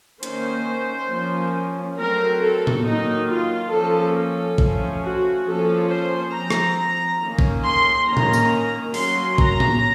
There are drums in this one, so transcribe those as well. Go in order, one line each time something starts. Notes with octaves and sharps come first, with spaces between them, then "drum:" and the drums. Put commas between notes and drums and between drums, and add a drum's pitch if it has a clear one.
D#3 A#3 C#4 C5, drum: hi-hat
F3 A#3 C#4
F#3 A3 C4 A#4
A4
drum: tom A2
D#3 F#3 A#3 D#4
F4
F3 A#3 C#4 A4
A4
F3 A3 C#4, drum: kick
F#4
F3 A#3 C#4 A4
C5
F3 C4 A#5
drum: rim click
D#3 A#3 C#4
drum: kick
C6
D#3 A#3 C#4 A#5
drum: tom A2
drum: tambourine
F#3 A#3 C#4 C6, drum: open hi-hat
A#5, drum: kick
drum: tom A2